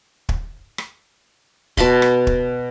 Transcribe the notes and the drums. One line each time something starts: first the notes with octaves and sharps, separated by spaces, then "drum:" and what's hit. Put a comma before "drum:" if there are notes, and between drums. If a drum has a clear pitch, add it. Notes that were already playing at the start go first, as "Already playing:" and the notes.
drum: kick
drum: rim click
B2 A5 B5 C6, drum: kick
drum: rim click
drum: kick